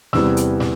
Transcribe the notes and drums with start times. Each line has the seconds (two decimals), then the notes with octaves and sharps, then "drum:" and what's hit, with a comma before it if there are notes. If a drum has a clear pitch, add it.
0.13 E2 C3 E3 G3 E6, drum: snare
0.37 drum: hi-hat
0.60 drum: snare